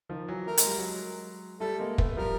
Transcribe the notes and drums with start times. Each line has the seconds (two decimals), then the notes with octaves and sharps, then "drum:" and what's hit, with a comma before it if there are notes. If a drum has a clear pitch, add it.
0.09 D#3 F3
0.28 E3 F#3
0.47 A3 A#4
0.58 G#3, drum: hi-hat
0.67 G3
0.77 F#3 G#3
1.60 G3 A3 A4
1.79 G#3 A#3
1.98 A3 B3, drum: kick
2.17 F3 G3 A#4